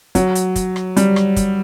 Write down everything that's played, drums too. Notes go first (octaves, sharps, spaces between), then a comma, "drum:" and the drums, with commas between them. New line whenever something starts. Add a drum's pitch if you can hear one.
F#3, drum: kick, hi-hat
drum: hi-hat
drum: kick, hi-hat
drum: rim click
G3, drum: hi-hat
drum: rim click
drum: kick, hi-hat